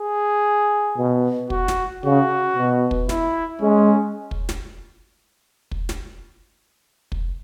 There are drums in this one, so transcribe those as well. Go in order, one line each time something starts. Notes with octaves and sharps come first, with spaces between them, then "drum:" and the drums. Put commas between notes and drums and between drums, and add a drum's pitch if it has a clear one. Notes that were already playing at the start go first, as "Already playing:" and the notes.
Already playing: G#4
B2
F#4, drum: kick
drum: snare
C#3 F#4
B2
drum: kick
E4, drum: snare
G#3 C#4
drum: kick
drum: snare
drum: kick
drum: snare
drum: kick